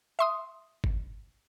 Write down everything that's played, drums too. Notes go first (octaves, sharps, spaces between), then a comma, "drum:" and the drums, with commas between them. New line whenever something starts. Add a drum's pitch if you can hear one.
E5 C6 D#6
drum: kick G1